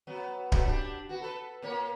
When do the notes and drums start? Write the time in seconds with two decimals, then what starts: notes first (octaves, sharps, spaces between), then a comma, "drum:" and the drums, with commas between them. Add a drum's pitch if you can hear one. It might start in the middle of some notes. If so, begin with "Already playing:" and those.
0.07 F#3 B3
0.52 F#3 A3 B3, drum: kick D1
0.66 D4 G4
1.09 B3 F#4
1.21 A4 B4
1.62 A#2 A#3 C#5